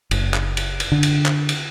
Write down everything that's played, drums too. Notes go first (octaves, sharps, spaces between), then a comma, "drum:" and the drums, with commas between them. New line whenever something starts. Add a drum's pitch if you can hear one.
F#1, drum: cymbal
drum: clap
drum: cymbal
drum: cymbal
D3
drum: cymbal
drum: clap
drum: cymbal